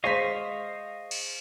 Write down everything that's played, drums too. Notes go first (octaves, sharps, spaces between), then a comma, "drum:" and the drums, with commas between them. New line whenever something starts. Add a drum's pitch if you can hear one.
G#3 C5 D#5 F5 C#6 B6
drum: cymbal